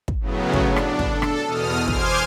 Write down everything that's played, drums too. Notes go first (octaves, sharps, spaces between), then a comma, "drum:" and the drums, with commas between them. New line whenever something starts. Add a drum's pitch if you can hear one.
drum: kick
A2 C#3 F#3 B3
drum: kick
D4
drum: rim click
drum: kick
A4
drum: rim click
E2 B2 D#6 F6
C5 G#5 C6 D6 F6 G#6, drum: kick